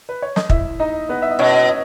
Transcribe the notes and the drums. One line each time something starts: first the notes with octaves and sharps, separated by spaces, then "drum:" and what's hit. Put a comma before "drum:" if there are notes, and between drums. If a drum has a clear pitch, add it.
B4
C#5
D#5, drum: snare
E4 E5, drum: kick
D#4 D#5
B3 B4
E5
D#5
B2 C#4 C#5
D#5